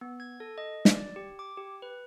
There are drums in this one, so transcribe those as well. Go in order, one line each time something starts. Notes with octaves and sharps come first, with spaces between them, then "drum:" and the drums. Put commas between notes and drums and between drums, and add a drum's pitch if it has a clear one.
B3
G#6
A4
D#5
D5, drum: snare
G4
D6
G4
B4